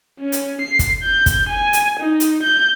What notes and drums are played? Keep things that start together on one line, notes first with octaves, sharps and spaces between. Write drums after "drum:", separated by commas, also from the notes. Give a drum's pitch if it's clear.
C#4
drum: hi-hat
C7
drum: kick, hi-hat
G6
drum: kick, hi-hat
G#5
drum: hi-hat
D#4
drum: hi-hat
G6